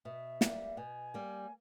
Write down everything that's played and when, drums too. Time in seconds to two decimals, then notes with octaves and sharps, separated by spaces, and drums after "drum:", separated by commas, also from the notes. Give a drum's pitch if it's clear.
0.05 B2 E5
0.41 G3 A#3, drum: snare
0.77 B2 G#5
1.14 G3 A#3